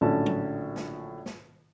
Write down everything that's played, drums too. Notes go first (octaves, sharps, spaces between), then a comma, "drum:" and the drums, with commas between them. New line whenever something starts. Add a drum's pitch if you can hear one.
A#1 A2 D3 F#3 C#4 A5
drum: tom F#3
drum: snare
drum: snare